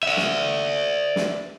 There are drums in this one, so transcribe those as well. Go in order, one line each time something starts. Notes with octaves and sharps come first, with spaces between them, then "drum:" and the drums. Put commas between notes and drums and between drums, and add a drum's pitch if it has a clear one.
D5 E5
drum: snare
drum: snare